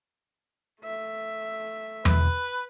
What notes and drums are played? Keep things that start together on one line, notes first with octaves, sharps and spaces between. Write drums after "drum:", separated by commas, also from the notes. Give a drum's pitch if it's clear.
A3 E5
B4, drum: tom E2